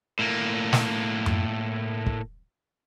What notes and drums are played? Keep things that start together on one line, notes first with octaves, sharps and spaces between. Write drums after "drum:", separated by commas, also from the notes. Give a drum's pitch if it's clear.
A2 A#3
drum: snare
drum: tom F#2
drum: kick